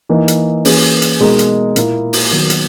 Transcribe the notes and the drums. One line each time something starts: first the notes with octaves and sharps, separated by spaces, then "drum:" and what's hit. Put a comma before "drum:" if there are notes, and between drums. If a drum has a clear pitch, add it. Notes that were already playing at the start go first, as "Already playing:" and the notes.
E3 A#3 D#4 A#4
drum: hi-hat
E3 A#3 C#4 G#4 B4, drum: open hi-hat
drum: hi-hat
B2 G#3 D#4 F#4 A#4
drum: hi-hat
A#2 A#3 E4 A#4, drum: hi-hat
drum: open hi-hat
D#3 F#3 B3
drum: hi-hat